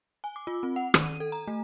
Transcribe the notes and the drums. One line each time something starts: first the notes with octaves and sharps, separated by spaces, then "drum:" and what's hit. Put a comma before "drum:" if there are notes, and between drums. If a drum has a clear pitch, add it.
G#5
D6
F4
C4
F#5
D#3, drum: rim click
D#7
A4
A#5
A3